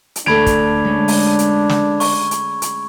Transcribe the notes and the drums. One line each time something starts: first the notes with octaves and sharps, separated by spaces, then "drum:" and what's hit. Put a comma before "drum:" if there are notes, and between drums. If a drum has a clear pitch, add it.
drum: hi-hat
D2 A3 D4 B5 G#6 D7 F7
drum: kick, hi-hat
G#3 C#4
drum: open hi-hat
drum: hi-hat
drum: snare
C#6, drum: open hi-hat
drum: hi-hat
drum: hi-hat